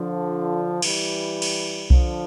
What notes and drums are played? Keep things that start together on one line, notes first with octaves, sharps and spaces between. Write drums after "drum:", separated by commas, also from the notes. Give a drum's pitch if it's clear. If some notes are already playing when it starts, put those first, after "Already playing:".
Already playing: D3 F3
E3 G3, drum: cymbal
drum: cymbal
D3 F3, drum: kick B1